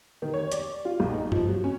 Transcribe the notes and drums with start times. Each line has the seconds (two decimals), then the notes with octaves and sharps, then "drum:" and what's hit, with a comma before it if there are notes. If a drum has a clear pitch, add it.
0.22 D#3
0.34 C#5
0.52 D5, drum: hi-hat
0.85 F4
1.00 B1
1.14 D#4
1.32 F3, drum: tom G2
1.48 F#3
1.64 C#4